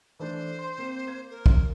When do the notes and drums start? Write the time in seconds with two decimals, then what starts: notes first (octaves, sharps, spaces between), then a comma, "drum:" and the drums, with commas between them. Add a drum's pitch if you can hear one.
0.19 E3 A3 D4 C5
0.59 C6
0.78 A#3 C4
1.07 A#3 G#6
1.30 A#4
1.46 drum: kick